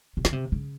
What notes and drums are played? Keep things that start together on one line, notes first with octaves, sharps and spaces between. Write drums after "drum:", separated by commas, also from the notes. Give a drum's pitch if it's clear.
C3
C#3, drum: snare
C3
C#3